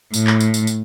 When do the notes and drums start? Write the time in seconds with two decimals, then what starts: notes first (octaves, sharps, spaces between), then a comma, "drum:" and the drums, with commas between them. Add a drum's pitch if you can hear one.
0.14 A2, drum: tambourine
0.27 drum: clap
0.40 drum: tambourine
0.54 drum: tambourine
0.67 drum: tambourine